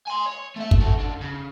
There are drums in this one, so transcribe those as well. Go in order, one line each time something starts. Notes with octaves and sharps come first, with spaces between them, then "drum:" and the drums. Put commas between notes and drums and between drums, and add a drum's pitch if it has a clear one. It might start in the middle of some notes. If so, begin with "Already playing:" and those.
G#5 C6
C#5
A3 E5
drum: kick
F#4 A4
C#3 D4
C#3